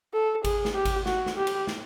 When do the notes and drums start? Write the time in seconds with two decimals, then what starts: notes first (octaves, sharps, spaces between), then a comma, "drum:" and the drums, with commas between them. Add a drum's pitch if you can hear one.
0.14 A4
0.44 G#4, drum: kick G#1, cymbal
0.65 drum: snare
0.75 G4
0.85 drum: kick G#1, cymbal
1.06 F#4, drum: snare
1.26 drum: snare
1.37 G4
1.47 drum: cymbal
1.67 drum: snare